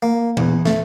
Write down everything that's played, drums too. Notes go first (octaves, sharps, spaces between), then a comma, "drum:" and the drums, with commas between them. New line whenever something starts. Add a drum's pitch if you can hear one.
A#3
E2, drum: tom A#2
A3, drum: snare